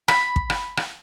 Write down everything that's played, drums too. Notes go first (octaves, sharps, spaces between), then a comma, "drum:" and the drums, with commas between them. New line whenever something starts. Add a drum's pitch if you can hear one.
B5, drum: rim click
drum: kick
drum: rim click
drum: rim click